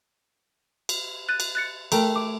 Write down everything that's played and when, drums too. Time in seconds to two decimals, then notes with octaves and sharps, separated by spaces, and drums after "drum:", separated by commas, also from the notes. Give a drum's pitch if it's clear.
0.89 drum: cymbal
1.29 F#6 A6 D#7
1.40 drum: cymbal
1.55 F#6 A6 C#7
1.92 A3 A#4 G5 A#5, drum: cymbal
2.16 D6